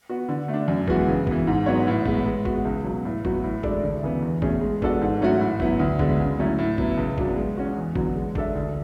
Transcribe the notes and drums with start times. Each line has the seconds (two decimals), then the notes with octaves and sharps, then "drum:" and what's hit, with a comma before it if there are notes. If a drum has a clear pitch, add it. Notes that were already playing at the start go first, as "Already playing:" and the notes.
0.09 B3 F#4
0.29 D3
0.48 A3
0.53 D4
0.68 F#2
0.88 E3 G#3 B3 F#4, drum: kick G#1
1.08 C#3
1.27 E3 B3, drum: kick G#1
1.47 G#2
1.66 F#3 B3 F#4 C#5
1.87 A2
2.06 G#3 B3, drum: kick G#1
2.26 G#3
2.45 B3 F#4, drum: kick G#1
2.65 C#2
2.84 B2 F#3
3.05 A2
3.25 F#3 B3 F#4, drum: kick G#1
3.44 A2
3.63 G#3 D4 A4 D5, drum: kick G#1
3.83 D2
4.03 C#3 E3 B3
4.22 E2
4.42 B2 A3 C#4 G#4, drum: kick G#1
4.61 G#3
4.82 B3 D4 F#4 A4, drum: kick G#1
5.01 G#2
5.21 F#3 A3 C#4 F#4
5.41 A2
5.60 F#3 B3 E4, drum: kick G#1
5.80 D2
5.99 D3 G#3 B3, drum: kick G#1
6.20 C#3
6.38 F#3 A3 C#4 E4
6.59 A2
6.78 F#3 B3 E4, drum: kick G#1
6.97 C#2
7.18 B2 F#3 B3 D4, drum: kick G#1
7.37 G#3
7.57 C#4 F#4
7.76 E2
7.95 D3 F#3 B3, drum: kick G#1
8.15 G#3
8.35 D4 A4 E5, drum: kick G#1
8.55 D2